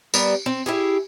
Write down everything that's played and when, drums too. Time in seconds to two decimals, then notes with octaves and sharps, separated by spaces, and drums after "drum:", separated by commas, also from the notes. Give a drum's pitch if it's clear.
0.14 G3 B3 A#4, drum: tambourine
0.46 C4
0.66 E4 G4 G#4